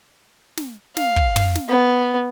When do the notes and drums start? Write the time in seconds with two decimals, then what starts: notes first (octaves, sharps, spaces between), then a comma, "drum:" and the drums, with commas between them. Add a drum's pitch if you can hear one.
0.57 drum: snare
0.97 F5, drum: snare
1.16 drum: kick
1.36 drum: tom
1.55 drum: snare
1.69 B3